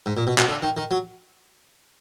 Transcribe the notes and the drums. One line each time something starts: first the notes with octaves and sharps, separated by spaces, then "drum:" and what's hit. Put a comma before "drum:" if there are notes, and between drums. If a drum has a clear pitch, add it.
G#2
A#2
B2
B2, drum: clap
D3
D#3
D#3
F#3